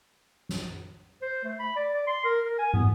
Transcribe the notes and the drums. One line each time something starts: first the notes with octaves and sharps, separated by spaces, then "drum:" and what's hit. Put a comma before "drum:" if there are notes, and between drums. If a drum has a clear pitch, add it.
drum: snare
C5
A3
B5
D5
D5
C6
A#4
A#4
G#5
B3, drum: tom